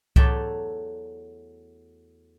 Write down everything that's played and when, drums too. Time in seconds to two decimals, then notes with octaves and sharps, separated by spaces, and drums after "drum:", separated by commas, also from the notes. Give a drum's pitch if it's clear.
0.16 E2 F#3 A3 D5 E5 G5, drum: kick C2